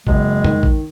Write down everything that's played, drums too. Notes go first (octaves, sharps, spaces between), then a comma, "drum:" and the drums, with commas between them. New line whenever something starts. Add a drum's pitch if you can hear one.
F#1 G#3, drum: kick A1
D#3, drum: tom F2
drum: kick A1